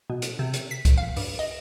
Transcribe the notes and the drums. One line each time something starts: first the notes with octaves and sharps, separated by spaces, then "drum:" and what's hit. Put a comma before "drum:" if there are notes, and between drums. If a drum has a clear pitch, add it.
B2
drum: hi-hat
C3
drum: hi-hat
B6
drum: kick C2, hi-hat
F5
G2, drum: open hi-hat
D#5